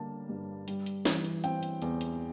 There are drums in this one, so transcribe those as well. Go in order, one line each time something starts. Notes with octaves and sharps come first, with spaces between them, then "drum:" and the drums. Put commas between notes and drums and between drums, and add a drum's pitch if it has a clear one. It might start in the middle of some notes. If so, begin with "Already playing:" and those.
Already playing: D3 G3 A#3 A5
G2
G3, drum: hi-hat
drum: hi-hat
E3, drum: snare
drum: hi-hat
C4 G5, drum: hi-hat
drum: hi-hat
E2, drum: hi-hat
drum: hi-hat